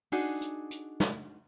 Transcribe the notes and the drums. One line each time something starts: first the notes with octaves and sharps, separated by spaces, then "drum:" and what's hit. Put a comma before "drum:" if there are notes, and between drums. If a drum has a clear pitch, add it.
D4 D#4 F#4 G#4, drum: open hi-hat
drum: hi-hat
drum: hi-hat
drum: snare